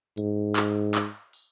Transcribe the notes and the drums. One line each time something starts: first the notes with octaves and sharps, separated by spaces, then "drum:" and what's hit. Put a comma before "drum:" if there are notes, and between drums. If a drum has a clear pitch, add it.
G#2, drum: hi-hat
drum: clap
drum: clap
drum: open hi-hat